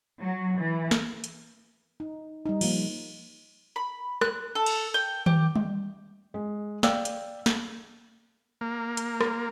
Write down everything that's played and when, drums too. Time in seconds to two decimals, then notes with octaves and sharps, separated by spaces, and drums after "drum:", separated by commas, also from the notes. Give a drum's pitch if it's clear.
0.21 F#3
0.60 E3
0.91 drum: snare
1.24 drum: hi-hat
2.00 D#4
2.46 G3 D#4
2.61 F3 A#3, drum: cymbal
3.76 B5
4.21 F#6, drum: rim click
4.55 A4
4.66 drum: cymbal
4.94 G5
5.26 G4, drum: tom D#3
5.56 drum: tom G3
6.34 G#3
6.83 D5 F5 G5 E6, drum: snare
7.05 drum: hi-hat
7.46 drum: snare
8.61 A#3
8.97 drum: hi-hat
9.21 drum: rim click